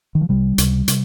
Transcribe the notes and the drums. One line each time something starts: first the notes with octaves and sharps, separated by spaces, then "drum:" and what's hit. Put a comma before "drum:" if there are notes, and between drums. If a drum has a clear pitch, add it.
D#3
F3
C2 C3 G3
C#2 C3, drum: hi-hat
C3, drum: hi-hat